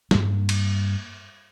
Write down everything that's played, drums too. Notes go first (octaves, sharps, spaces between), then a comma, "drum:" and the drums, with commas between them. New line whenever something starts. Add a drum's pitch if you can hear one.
G2 A#3, drum: snare
drum: cymbal